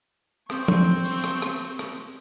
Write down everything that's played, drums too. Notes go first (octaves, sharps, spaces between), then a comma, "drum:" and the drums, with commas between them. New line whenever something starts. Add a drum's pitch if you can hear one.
C4 C#6, drum: rim click
drum: tom F3
drum: open hi-hat
drum: rim click
drum: rim click
drum: rim click